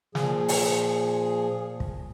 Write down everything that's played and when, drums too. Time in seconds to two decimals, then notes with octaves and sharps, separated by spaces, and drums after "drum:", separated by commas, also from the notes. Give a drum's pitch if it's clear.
0.15 A#2 F3 G#4, drum: snare
0.48 drum: open hi-hat
1.80 drum: kick